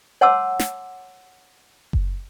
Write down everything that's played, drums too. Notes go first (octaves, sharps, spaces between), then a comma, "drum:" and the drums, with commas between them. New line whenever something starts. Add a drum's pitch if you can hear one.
C#5 F#5 A5 C6 D6 E6
drum: snare
drum: kick F#1